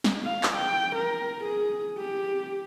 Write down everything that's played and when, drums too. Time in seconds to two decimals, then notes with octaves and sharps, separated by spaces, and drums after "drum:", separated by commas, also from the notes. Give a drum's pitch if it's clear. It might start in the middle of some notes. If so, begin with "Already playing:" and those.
0.04 drum: snare
0.23 F5
0.43 drum: clap
0.56 G5
0.96 A#4
1.44 G#4
1.98 G4